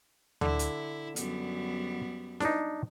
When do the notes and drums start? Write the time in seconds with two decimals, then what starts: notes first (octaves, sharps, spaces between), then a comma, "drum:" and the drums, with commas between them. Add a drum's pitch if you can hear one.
0.41 D3 E4, drum: tom D2
0.59 drum: hi-hat
1.16 F#2 G3 B3, drum: hi-hat
2.40 D4 D#4, drum: snare E4